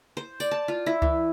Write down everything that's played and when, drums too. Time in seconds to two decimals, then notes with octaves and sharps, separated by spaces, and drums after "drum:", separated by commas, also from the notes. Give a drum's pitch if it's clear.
0.17 C5
0.40 D5, drum: tambourine
0.51 A5
0.68 F4
0.86 E4
1.02 E3, drum: kick C#2